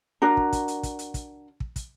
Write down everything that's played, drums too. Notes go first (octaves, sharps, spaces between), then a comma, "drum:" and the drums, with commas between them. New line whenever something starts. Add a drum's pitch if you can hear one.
D4 F#4 A#4
drum: kick
drum: kick, hi-hat
drum: hi-hat
drum: kick, hi-hat
drum: hi-hat
drum: kick, hi-hat
drum: kick
drum: kick, hi-hat